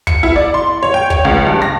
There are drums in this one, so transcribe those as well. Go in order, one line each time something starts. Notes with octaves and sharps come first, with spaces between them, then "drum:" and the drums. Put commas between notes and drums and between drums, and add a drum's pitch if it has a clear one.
C#7, drum: kick
E4
D5
C6
C#5
G5
C#5, drum: kick
C#2
G2
A#6